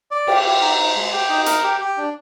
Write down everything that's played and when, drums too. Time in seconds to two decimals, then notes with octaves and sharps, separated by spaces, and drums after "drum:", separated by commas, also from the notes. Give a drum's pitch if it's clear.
0.11 D5
0.27 G4, drum: cymbal
0.44 G4
0.61 D#4
0.79 D#4
0.96 G#3
1.12 G4
1.30 D#4
1.46 A#4, drum: hi-hat
1.64 G4
1.81 G4
1.98 D4